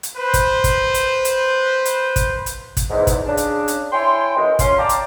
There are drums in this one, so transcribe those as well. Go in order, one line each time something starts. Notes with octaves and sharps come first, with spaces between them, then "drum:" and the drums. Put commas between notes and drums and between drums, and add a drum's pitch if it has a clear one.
drum: hi-hat
B4 C5
drum: kick, hi-hat
drum: kick, hi-hat
drum: hi-hat
drum: hi-hat
drum: hi-hat
drum: kick, hi-hat
drum: hi-hat
drum: kick, hi-hat
E2 G#2
drum: kick, hi-hat
C#3 D4
drum: hi-hat
drum: hi-hat
E4 C#5 G5 G#5 C6
F#2 E3 G#3
C#4 F4 C6, drum: kick, hi-hat
D5 F5 G5 A5 A#5 D6
drum: hi-hat